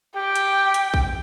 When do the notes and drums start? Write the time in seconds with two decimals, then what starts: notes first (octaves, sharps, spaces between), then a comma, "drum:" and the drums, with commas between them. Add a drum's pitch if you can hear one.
0.16 G4 G5
0.36 drum: hi-hat
0.74 drum: hi-hat
0.94 drum: kick A#1